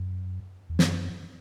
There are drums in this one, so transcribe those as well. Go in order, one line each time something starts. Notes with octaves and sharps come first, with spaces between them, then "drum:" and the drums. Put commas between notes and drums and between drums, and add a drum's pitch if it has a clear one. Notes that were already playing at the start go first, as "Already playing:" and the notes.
Already playing: F#2
E2
F#2, drum: snare